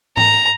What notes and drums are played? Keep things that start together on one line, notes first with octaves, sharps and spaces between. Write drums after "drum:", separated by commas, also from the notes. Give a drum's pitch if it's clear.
A#5, drum: tom G#2